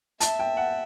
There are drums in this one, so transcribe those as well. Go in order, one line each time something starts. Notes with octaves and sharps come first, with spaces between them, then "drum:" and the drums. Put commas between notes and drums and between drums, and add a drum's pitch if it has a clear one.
E5 A5, drum: hi-hat
G5
F#5